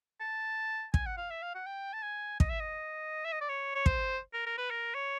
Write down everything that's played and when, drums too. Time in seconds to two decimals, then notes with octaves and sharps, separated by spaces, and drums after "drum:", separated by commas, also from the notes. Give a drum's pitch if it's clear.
0.20 A5
0.94 G#5, drum: kick
1.06 F#5
1.17 F5
1.30 E5
1.43 F5
1.55 F#5
1.67 G5
1.94 A5
2.03 G#5
2.40 D#5, drum: kick
2.50 E5
2.60 D#5
3.25 E5
3.33 D#5
3.41 D5
3.49 C#5
3.75 C#5
3.86 C5, drum: kick
4.34 A#4
4.46 A#4
4.58 B4
4.70 A#4
4.95 C#5